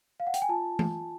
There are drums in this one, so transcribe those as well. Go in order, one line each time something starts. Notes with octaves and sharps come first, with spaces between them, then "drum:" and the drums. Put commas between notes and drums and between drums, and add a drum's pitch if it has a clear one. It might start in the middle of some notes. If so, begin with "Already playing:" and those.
F5
F#5
G5, drum: hi-hat
G#5
F4 A5
drum: tom E3